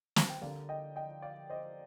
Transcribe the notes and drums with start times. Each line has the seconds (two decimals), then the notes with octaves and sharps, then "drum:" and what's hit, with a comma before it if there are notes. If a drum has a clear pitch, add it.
0.16 A5, drum: snare
0.30 G5
0.41 D3 G3 A#3 D5 F5
0.69 D#5 G5
0.96 D#5 G5
1.22 D5 F5
1.50 C5 D#5